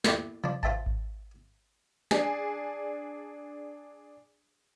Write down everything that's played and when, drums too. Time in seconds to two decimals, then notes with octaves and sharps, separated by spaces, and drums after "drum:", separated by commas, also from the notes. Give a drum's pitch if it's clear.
0.04 A1 E2 A#2 A3 D5 G5, drum: snare
0.44 F3 D4, drum: tom C3
0.63 F4 C5 E5 G5 A5, drum: kick G#1
0.86 drum: kick G#1
2.11 D4 G#4, drum: snare